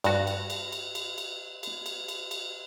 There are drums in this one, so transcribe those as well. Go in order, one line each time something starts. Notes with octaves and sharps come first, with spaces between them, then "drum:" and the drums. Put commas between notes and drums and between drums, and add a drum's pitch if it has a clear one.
G2 F#4, drum: cymbal
drum: cymbal
drum: cymbal
drum: cymbal
drum: cymbal
drum: cymbal
drum: cymbal
drum: cymbal
drum: cymbal
drum: cymbal